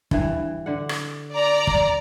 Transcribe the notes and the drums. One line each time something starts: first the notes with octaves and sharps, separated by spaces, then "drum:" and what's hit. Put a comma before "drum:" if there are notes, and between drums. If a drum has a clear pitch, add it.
G2 E3, drum: kick
D3 F#5
drum: rim click
D5 A#5
drum: kick